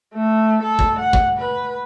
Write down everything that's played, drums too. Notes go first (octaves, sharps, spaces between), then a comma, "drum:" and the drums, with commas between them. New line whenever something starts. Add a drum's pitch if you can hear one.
A3
A4
drum: kick
F#5
drum: kick
B4